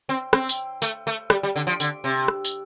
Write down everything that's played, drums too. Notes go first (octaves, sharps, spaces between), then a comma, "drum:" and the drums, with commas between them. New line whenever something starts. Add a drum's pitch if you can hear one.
C4
C4, drum: rim click
drum: tambourine
A3, drum: tambourine
A3
G3, drum: rim click
G3
D3
F3
D3, drum: tambourine
C3
drum: rim click
drum: tambourine